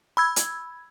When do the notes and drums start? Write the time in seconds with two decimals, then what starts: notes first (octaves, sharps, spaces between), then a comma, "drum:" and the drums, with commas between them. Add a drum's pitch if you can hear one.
0.17 B5 E6 G#6
0.36 drum: hi-hat